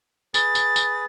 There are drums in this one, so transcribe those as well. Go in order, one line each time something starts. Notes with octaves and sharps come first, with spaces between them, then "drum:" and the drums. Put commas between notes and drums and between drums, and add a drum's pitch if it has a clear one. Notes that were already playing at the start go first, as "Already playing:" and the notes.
G#4 B4 A6, drum: tambourine
drum: tambourine
drum: tambourine